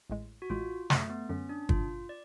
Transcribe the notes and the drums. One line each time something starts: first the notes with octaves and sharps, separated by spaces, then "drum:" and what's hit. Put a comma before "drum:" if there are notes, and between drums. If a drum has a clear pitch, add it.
A1 A2 G#3
F#4
A1 A2 G#3 F4
F#2 D3 F#3 A3, drum: snare
B3
F#2 D3 F#3 C#4
D4
F#2 D3 F#3 F4, drum: kick G1
D5